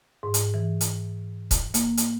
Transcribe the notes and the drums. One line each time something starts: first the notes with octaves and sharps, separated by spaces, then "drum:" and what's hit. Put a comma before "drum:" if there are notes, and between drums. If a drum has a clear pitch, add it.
G#2
drum: hi-hat
E3
drum: hi-hat
drum: kick C#1, hi-hat
A#3, drum: hi-hat
drum: hi-hat